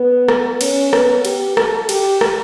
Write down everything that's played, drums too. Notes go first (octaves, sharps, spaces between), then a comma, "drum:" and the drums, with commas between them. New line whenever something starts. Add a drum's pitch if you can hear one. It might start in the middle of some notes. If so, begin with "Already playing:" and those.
Already playing: B3
drum: rim click
C#4, drum: cymbal
B3, drum: rim click
G4, drum: cymbal
A4, drum: rim click
G4, drum: cymbal
drum: rim click